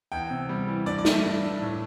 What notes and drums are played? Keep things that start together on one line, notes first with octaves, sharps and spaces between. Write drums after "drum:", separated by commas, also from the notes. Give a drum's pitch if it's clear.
E2 G5
C3
G3
E3
G2 D5
D5
G3, drum: snare
E5
G2
D4
A2